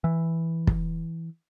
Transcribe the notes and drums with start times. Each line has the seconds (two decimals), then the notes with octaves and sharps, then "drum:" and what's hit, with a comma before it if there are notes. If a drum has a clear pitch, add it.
0.04 E3
0.67 drum: kick